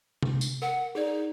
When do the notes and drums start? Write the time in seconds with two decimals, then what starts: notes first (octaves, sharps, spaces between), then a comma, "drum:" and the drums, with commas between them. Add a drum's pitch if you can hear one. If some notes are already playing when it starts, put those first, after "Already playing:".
0.23 drum: tom C3
0.41 drum: tambourine
0.62 A#4 F#5
0.95 D#4 G#4 D5